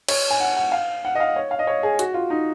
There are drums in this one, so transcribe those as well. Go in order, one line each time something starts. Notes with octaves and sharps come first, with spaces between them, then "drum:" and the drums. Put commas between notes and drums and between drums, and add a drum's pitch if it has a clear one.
C#5, drum: cymbal
G#5
F#5
F#5
F5
F#5
D#5
F5
C#5
F5
D#5
C#5
G#4
F#4, drum: hi-hat
F4
D#4